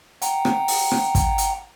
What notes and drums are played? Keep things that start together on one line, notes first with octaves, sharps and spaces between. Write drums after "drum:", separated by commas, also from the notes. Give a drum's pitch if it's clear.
F#5 G5 A#5, drum: hi-hat
drum: rim click
drum: open hi-hat
drum: rim click
drum: kick, hi-hat
drum: hi-hat